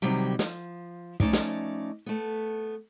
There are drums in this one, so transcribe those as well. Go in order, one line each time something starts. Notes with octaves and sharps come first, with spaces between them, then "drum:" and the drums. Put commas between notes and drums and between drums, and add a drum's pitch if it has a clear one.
C3 D#3 F#3 G3
F3, drum: snare
F3 A3 C#4 D#4 D5, drum: kick
drum: snare
A3 B3